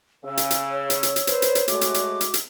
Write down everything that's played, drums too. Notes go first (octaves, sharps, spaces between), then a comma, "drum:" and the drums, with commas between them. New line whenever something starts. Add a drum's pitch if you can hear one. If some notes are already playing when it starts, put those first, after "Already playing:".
C#3 E6
drum: hi-hat
drum: hi-hat
C#5
drum: hi-hat
drum: hi-hat
drum: hi-hat
B4 C5, drum: hi-hat
drum: hi-hat
drum: hi-hat
G#3 A3 F#4 D6, drum: hi-hat
drum: hi-hat
drum: hi-hat
drum: hi-hat
drum: hi-hat